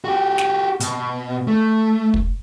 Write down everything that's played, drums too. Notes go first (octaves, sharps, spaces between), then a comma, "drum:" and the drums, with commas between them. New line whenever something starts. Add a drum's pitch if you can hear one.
F#4 G4
drum: snare
B2, drum: hi-hat
A3
drum: kick